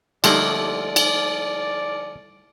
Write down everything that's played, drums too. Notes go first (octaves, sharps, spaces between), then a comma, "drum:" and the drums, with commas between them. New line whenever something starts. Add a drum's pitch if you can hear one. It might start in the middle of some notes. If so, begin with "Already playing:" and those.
D3 F3 G3 A3 A#3 D#4 D5, drum: cymbal
drum: cymbal